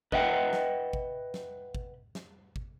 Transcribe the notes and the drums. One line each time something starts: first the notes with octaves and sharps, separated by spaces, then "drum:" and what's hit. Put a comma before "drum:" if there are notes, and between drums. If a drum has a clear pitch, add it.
B4 D#5 E5 F#5 G5, drum: kick G#1
drum: snare
drum: kick G#1
drum: snare
drum: kick G#1
drum: snare
drum: kick G#1